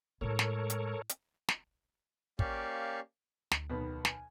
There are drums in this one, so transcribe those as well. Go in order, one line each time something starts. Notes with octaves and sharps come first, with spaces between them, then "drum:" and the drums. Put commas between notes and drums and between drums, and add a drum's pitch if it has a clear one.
A2 G#3 A4 A#4 C#5
drum: snare
drum: hi-hat
drum: hi-hat
drum: snare
A#3 C#4 G4 D5 F5 C#6, drum: kick
D2, drum: snare
B1 D#3 B3
G#5, drum: snare